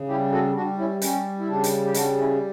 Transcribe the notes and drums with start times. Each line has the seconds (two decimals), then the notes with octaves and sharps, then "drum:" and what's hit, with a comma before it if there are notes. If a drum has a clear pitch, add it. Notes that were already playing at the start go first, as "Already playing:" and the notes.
Already playing: C#3
0.08 G3 E4 G4
0.32 F#4 A4
0.55 G3 D4 F#4
0.79 C#4 E4
1.02 G3 C#4, drum: hi-hat
1.39 E4
1.48 C#3 D4
1.64 drum: hi-hat
1.85 G4
1.94 G3 D4 F#4, drum: hi-hat
2.18 C#4 E4